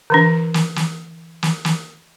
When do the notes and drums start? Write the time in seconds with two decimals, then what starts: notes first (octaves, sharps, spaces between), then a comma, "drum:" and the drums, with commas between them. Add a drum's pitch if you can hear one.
0.10 D3 E3 D4
0.54 drum: snare
0.76 drum: snare
1.43 drum: snare
1.65 drum: snare